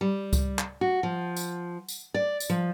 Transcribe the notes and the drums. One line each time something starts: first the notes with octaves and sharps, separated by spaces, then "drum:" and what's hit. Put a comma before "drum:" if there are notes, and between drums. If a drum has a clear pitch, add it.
G3
drum: kick C#2, tambourine
drum: clap
F#4
F3
drum: tambourine
drum: tambourine
D5
drum: tambourine
F3